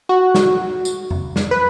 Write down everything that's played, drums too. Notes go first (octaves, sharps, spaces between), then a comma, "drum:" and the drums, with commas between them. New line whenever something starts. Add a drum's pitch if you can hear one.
F#4
drum: snare
drum: tambourine
drum: tom F2
drum: snare
B4